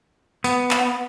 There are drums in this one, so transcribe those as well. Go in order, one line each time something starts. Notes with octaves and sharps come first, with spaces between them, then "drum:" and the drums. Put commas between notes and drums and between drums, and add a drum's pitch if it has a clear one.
B3, drum: tambourine
drum: clap